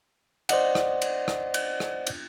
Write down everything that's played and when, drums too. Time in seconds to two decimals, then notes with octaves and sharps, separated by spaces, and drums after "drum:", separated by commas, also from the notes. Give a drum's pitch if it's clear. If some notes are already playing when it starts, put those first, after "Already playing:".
0.49 C5 D5 D#5 F#5, drum: cymbal
0.75 drum: rim click
1.02 drum: cymbal
1.28 drum: rim click
1.54 drum: cymbal
1.80 drum: rim click
2.07 drum: cymbal